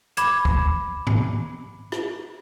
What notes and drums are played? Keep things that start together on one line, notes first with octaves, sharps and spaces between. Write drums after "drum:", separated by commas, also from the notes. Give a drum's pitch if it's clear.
B5 D6 G#6 E7, drum: hi-hat
drum: kick
drum: tom G#2
drum: rim click